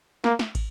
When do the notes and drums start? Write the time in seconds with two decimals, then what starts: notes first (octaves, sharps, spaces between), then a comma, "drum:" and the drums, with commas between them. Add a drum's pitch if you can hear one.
0.24 A#3, drum: snare
0.39 drum: snare
0.55 drum: kick, cymbal